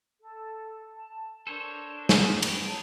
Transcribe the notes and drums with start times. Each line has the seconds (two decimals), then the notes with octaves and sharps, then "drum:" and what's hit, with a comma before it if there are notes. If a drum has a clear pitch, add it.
0.19 A4
0.95 A5
1.47 D4 A4 A#4 C5 C#5
2.09 B4 C5 D#5, drum: snare
2.42 B3 C#4 G4, drum: cymbal
2.65 D#4 C#5 A5